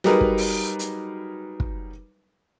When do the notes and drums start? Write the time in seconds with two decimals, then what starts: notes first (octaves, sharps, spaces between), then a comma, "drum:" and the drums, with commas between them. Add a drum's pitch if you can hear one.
0.04 F#3 G3 D#4 G#4 A#4 B4, drum: snare
0.21 drum: kick
0.38 drum: open hi-hat
0.79 drum: hi-hat
1.60 drum: kick